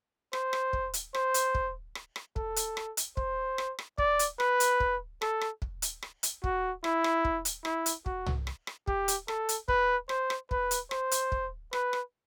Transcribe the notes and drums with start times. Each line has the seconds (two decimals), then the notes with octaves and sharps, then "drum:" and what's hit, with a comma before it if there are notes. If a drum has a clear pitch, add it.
0.33 C5, drum: rim click
0.53 drum: rim click
0.73 drum: kick
0.94 drum: hi-hat
1.14 C5, drum: rim click
1.34 drum: hi-hat
1.55 drum: kick
1.95 drum: rim click
2.16 drum: rim click
2.36 A4, drum: kick
2.56 drum: hi-hat
2.77 drum: rim click
2.97 drum: hi-hat
3.17 C5, drum: kick
3.58 drum: rim click
3.79 drum: rim click
3.98 D5, drum: kick
4.19 drum: hi-hat
4.40 B4, drum: rim click
4.60 drum: hi-hat
4.80 drum: kick
5.22 A4, drum: rim click
5.41 drum: rim click
5.62 drum: kick
5.82 drum: hi-hat
6.02 drum: rim click
6.23 drum: hi-hat
6.44 F#4, drum: kick
6.84 E4, drum: rim click
7.04 drum: rim click
7.25 drum: kick
7.45 drum: hi-hat
7.65 E4, drum: rim click
7.86 drum: hi-hat
8.06 F#4, drum: kick
8.26 drum: tom
8.47 drum: rim click
8.67 drum: rim click
8.87 G4, drum: kick
9.08 drum: hi-hat
9.28 A4, drum: rim click
9.49 drum: hi-hat
9.68 B4, drum: kick
10.09 C5, drum: rim click
10.30 drum: rim click
10.51 B4, drum: kick
10.71 drum: hi-hat
10.91 C5, drum: rim click
11.11 drum: hi-hat
11.32 drum: kick
11.73 B4, drum: rim click
11.93 drum: rim click